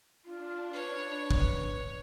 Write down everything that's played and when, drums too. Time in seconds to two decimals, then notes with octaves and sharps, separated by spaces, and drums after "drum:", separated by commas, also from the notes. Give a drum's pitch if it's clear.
0.25 D4 F4
0.73 B4 C#5
1.31 drum: kick